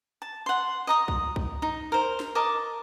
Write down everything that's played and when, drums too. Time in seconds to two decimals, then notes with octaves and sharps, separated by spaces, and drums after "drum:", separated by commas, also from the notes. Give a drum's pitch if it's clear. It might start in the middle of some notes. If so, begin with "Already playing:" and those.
0.22 A5
0.46 F#5 C6
0.87 D#5 A#5 D#6
1.08 drum: kick B1
1.36 drum: kick B1
1.62 D#4
1.92 A#4 C5
2.20 drum: snare
2.35 A#4 D#5 A5 D6